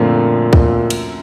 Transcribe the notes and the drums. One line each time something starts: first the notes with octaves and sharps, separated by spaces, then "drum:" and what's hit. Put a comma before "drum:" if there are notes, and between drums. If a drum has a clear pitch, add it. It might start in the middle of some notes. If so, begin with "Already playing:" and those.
Already playing: F#2 A#2 D3 F3 A3 C4
drum: kick
drum: cymbal